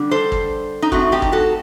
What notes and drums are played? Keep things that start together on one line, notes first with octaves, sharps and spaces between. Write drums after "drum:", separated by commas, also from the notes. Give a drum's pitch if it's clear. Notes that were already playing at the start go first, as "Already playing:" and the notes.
Already playing: D3 G3 D4
A4 C5
drum: kick
D#4
A2 A3 C4 F#4, drum: kick
D#4 G4
drum: kick
F#4 A4